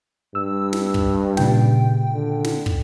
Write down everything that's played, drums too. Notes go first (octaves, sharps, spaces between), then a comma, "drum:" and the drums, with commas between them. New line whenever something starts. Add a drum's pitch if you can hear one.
G2 E6
drum: snare
drum: kick
A#2 C#3 G5, drum: snare
D3
drum: snare
drum: kick